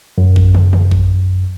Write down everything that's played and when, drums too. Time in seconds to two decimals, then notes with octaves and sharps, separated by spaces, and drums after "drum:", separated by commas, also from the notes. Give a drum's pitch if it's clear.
0.18 F#2
0.36 drum: kick A1
0.55 drum: tom
0.73 drum: tom
0.91 drum: kick A1